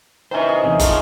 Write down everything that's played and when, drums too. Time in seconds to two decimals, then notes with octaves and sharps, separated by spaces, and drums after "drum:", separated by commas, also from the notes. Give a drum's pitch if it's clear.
0.31 D#3 E3 C#4 C5 E5
0.49 G#4
0.64 E2 C3
0.80 F3 A3 G#4 F5, drum: kick, hi-hat